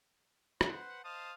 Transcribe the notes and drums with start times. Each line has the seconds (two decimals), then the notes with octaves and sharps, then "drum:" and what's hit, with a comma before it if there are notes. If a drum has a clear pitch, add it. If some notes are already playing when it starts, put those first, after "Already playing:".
0.61 B4 C5 F#5, drum: rim click
1.04 C5 D#5 F5 A5 D#6